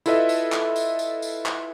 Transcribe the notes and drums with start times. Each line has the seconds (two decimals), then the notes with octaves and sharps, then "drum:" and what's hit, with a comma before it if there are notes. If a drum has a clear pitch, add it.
0.06 E4 F4 A4 B4 D#5 E5, drum: tambourine
0.29 drum: tambourine
0.52 drum: clap
0.76 drum: tambourine
0.99 drum: tambourine
1.22 drum: tambourine
1.46 drum: clap